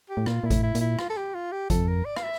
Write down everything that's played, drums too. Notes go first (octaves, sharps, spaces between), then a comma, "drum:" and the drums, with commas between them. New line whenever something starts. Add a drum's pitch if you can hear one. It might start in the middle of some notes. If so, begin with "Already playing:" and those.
G4
A2
A#2 F4, drum: rim click
A#2 E4
A2, drum: kick G#1, hi-hat
E4
A#2, drum: hi-hat
E4
F4, drum: rim click
A4
G4
F4
G4
F2 A4, drum: kick G#1, hi-hat
A#4
D5
F5, drum: rim click
E5